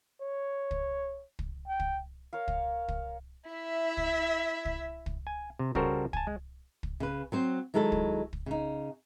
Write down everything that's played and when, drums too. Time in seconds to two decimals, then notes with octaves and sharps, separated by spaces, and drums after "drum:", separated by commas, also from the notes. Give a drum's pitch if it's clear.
0.21 C#5
0.71 drum: kick
1.39 drum: kick
1.67 G5
1.80 drum: kick
2.33 A#4 C#5 F5
2.48 drum: kick
2.88 drum: kick
3.50 E4 E5
3.97 drum: kick
4.65 drum: kick
5.06 drum: kick
5.27 G#5
5.59 C3
5.75 C#3 G3 F#4 A4 A#4 C5, drum: kick
6.13 G#5 A5, drum: kick
6.27 G#3
6.83 drum: kick
7.00 C#3 B4
7.32 F#3 C4 C5
7.74 D#3 F#3 G#3 E4 A4
7.92 drum: kick
8.33 drum: kick
8.46 C#3 D#4